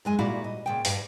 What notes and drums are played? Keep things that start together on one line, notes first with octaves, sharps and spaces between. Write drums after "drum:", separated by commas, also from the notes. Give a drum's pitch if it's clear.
F#2 G#3 G#5
A#2 G3 E4 F#4 F5
D#5
A#2 C#3 G5
G2 F5, drum: open hi-hat